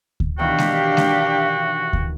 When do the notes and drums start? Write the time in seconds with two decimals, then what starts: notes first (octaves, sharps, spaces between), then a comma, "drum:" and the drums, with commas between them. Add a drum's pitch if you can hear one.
0.20 drum: kick D2
0.39 B2 D#3 E3 D4 F#4 G4 F5 G5
0.58 drum: snare G#3
0.97 drum: snare G#3
1.93 drum: kick D2